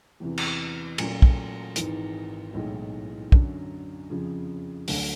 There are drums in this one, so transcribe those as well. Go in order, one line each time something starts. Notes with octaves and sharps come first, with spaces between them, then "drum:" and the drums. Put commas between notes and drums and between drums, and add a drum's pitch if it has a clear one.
E2 C3 E3
drum: cymbal
A#2 F#3 A3 C#4 F4, drum: cymbal
drum: kick
G#1 G#2 E3, drum: hi-hat
B1 A2 E3 G#3
F#2 D3 F#3, drum: kick
F2 C#3 F3
D2 D3 F#3 A3 D4, drum: open hi-hat